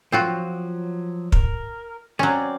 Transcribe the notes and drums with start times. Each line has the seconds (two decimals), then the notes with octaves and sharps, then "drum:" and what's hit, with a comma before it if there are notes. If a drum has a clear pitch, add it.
0.12 F3 F#3 C4 F4 F#4
1.32 A#4, drum: kick
2.19 F#3 C4 C#4 D5